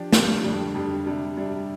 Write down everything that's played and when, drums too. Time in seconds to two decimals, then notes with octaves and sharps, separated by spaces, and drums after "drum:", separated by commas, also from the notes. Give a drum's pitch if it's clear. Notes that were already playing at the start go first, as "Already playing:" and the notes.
Already playing: F3 D4 G4
0.13 F3 D4 G4, drum: snare
0.44 F2 D3 G3 D4
0.74 F2 D3 G3 D4
1.06 C3 G3 D4
1.36 C3 G3 D4